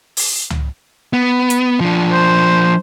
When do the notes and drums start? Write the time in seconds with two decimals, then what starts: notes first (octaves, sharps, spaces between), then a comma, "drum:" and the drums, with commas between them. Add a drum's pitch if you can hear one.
0.17 drum: open hi-hat
0.50 drum: tom C#2
1.13 B3
1.50 drum: hi-hat
1.81 F3 D4
2.12 C5